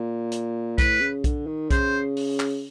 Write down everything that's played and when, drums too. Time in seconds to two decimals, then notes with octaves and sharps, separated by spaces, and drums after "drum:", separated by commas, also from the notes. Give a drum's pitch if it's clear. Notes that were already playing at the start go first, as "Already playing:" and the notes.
Already playing: A#2
0.32 drum: hi-hat
0.78 A2 B4, drum: kick B1, hi-hat
1.01 C#3
1.24 D3, drum: kick B1, hi-hat
1.47 D#3
1.71 C#3 C5, drum: kick B1, hi-hat
2.17 drum: open hi-hat
2.40 drum: clap